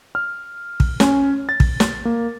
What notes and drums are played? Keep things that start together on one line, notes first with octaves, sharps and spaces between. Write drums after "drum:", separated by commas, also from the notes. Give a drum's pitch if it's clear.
F6
drum: kick
C#4, drum: snare
A6
drum: kick
drum: snare
A#3